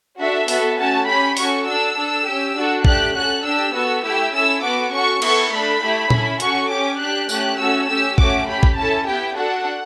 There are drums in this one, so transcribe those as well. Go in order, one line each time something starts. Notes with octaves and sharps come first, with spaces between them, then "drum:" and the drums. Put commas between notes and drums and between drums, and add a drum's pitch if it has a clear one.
D4 F#4 A4 E5
B3 F#4 A4, drum: open hi-hat
A3 C#4 F#4 A5
C#4 G4 B5
C#4 F#4 A4 C#6, drum: open hi-hat
D4 A4 E6
D4 A4
C#4 G4
D4 F#4 A4
A3 D4 G4 F#6, drum: kick
C#4 F#4 A4 F#6
D4 G4 E6
B3 F#4 A4 E6
A3 E4 G4 E6
C#4 E4 A4 E6
B3 F#4 A4 D6
C#4 F#4 A4 C#6
B3 E4 A4 C#6, drum: cymbal
A3 D4 A4 B5
A3 E4 G4
C#4 E4 A4, drum: tom A#2
C#4 F#4 A4 C#6, drum: hi-hat
C#4 G4 D6
D4 G4 F#6
A3 C#4 G4 F#6, drum: tambourine
A3 C#4 F#4 A4 E6
C#4 G4 E6
A3 C#4 F#4 D6, drum: kick
C#4 G4 B5
drum: kick
C#4 E4 A4 A5
B3 E4 G4 G5
D4 F#4 A4 F#5